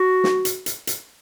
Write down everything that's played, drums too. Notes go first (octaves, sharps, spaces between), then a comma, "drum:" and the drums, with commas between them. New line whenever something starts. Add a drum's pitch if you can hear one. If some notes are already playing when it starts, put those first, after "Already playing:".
Already playing: F#4
drum: snare
drum: hi-hat
drum: hi-hat
drum: hi-hat